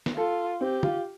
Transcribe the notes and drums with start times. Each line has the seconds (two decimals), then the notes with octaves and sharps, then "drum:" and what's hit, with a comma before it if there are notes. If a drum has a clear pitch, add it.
0.06 drum: snare
0.17 F4 A4
0.61 C4 G4
0.83 F4, drum: tom